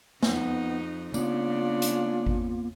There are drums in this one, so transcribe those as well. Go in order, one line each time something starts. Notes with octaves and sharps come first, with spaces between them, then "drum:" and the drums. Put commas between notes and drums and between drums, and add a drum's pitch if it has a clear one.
F2 B3 D#4, drum: snare
C#3 A#3 B3 D4 F4, drum: tambourine
drum: hi-hat
drum: kick G#1